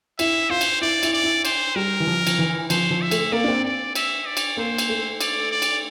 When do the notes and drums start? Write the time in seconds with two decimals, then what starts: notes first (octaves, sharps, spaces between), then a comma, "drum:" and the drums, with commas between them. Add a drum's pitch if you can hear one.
0.19 E4 E5, drum: cymbal
0.50 F4 C5
0.61 drum: cymbal
0.81 E4 D5
1.03 E4, drum: cymbal
1.13 D5
1.23 E4
1.45 C5, drum: cymbal
1.75 G3 A#4
2.00 E3
2.07 F3
2.27 F3, drum: cymbal
2.38 E3
2.70 F3 C5, drum: cymbal
2.91 F3
3.01 E5
3.11 A3, drum: cymbal
3.32 A#3 D5
3.44 D4
3.48 C4
3.64 D5
3.95 E5, drum: cymbal
4.26 D5
4.37 drum: cymbal
4.57 A#3 C5
4.78 drum: cymbal
4.89 A3
5.21 D5, drum: cymbal
5.51 D5
5.62 drum: cymbal